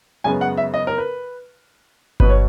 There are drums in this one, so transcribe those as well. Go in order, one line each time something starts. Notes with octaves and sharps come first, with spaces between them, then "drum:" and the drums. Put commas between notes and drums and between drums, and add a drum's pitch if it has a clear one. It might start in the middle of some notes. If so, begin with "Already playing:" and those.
F#2 C#3 G#3 B3 G#5
F#5
E5
D#5
A#4
B4
B2 F#3 B3 B4, drum: kick G1
C#5